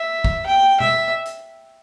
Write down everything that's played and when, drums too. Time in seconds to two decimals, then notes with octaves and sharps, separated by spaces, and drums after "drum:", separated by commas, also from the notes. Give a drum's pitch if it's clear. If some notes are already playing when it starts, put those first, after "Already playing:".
Already playing: E5
0.24 drum: kick
0.46 G5
0.80 E5, drum: tom B2
1.26 drum: hi-hat